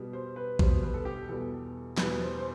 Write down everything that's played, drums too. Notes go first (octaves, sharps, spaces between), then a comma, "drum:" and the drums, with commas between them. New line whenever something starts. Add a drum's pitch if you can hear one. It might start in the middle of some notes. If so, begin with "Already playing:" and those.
Already playing: B2 G3
C5
B4
B2 G3 C5, drum: kick A#1
B4
A4
G4
E2 B2 G3 A4
E2 B2 G3 B4, drum: snare
C5
C5